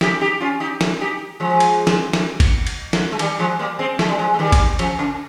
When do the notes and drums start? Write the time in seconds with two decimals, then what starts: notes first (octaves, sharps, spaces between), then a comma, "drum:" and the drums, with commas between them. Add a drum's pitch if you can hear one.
0.01 D#4 G4, drum: snare
0.21 D#4 G4
0.40 C#4 F4
0.60 D#4 G4
0.81 drum: snare
1.01 D#4 G4
1.40 F3 G#3
1.60 drum: cymbal
1.87 drum: snare
2.13 drum: snare
2.40 drum: kick G1, cymbal
2.67 drum: cymbal
2.93 drum: snare
3.12 G#3
3.19 D#3 G3, drum: cymbal
3.39 F3 G#3
3.59 G3 A#3
3.79 G#3 C4
3.99 G#3, drum: snare
4.09 G3
4.19 F3 G#3
4.34 G#3
4.39 D#3 G3
4.52 drum: kick G1, cymbal
4.79 C#3 F3, drum: cymbal
4.99 C#3